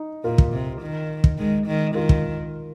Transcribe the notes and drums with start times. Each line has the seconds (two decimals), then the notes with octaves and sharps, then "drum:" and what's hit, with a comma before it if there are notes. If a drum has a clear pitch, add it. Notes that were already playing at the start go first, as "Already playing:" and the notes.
Already playing: D#4
0.24 A#2 F4 A#4
0.38 drum: kick
0.53 C3
0.81 D#3
1.24 drum: kick
1.38 D#3 G#3
1.67 D#3 G#3
1.95 D#3 F4 A#4
2.09 drum: kick